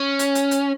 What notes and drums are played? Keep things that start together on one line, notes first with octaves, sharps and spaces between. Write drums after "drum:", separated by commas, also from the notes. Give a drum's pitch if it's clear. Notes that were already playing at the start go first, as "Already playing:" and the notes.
Already playing: C#4
drum: hi-hat
drum: hi-hat
drum: hi-hat